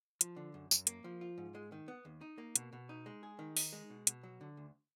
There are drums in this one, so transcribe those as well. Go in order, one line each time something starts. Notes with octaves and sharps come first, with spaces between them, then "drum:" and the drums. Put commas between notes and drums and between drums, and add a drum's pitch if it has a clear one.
F3, drum: hi-hat
D3
F#2
F#2, drum: tambourine
A#3, drum: hi-hat
F3
F4
G#2
G#3
D#3
B3
D#2
D#4
A#3
B2, drum: hi-hat
B2
D#4
G#3
G#4
D#3
D#4, drum: open hi-hat
G#3
B2
B2, drum: hi-hat
F#3
D3
D2